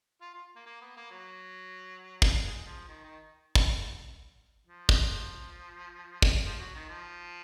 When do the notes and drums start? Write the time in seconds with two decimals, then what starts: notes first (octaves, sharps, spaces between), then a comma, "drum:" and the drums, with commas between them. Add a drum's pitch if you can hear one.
0.21 F4
0.33 F4
0.56 A#3
0.66 A#3
0.81 B3
0.96 A#3
1.11 F#3
2.22 drum: kick
2.45 G#3
2.66 F3
2.88 D#3
3.04 D#3
3.55 drum: kick
4.66 F3
4.89 drum: kick
6.22 drum: kick
6.45 F3
6.59 F#3
6.75 D#3
6.89 F3